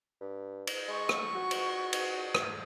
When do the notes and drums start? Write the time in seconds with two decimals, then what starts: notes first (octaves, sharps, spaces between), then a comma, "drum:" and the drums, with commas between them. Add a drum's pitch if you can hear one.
0.21 G2
0.67 drum: cymbal
0.88 G#3 C#6
1.09 drum: rim click
1.35 F#4
1.51 drum: cymbal
1.93 drum: cymbal
2.35 drum: rim click